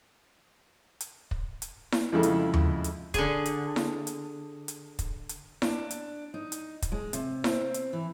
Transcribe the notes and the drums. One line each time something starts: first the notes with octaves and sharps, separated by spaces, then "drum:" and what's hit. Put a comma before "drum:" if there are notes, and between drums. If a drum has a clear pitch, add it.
drum: hi-hat
drum: kick
drum: hi-hat
drum: snare E4
F2 C#3 G#3 E4 A4
drum: hi-hat
drum: tom D#2
drum: hi-hat
D3 G#4, drum: kick, hi-hat
drum: hi-hat
drum: snare E4
drum: hi-hat
drum: hi-hat
drum: kick, hi-hat
drum: hi-hat
D4, drum: snare E4
drum: hi-hat
D#4
drum: hi-hat
drum: kick, hi-hat
G#3
C3, drum: hi-hat
C4, drum: snare E4
drum: hi-hat
E3